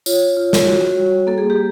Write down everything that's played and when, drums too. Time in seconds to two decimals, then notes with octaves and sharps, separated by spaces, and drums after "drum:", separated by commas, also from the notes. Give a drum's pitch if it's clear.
0.06 F4 C#5, drum: tambourine
0.37 F4
0.53 drum: snare
0.67 F#4
0.97 G3
1.27 A#3 A4
1.38 G#4
1.50 G4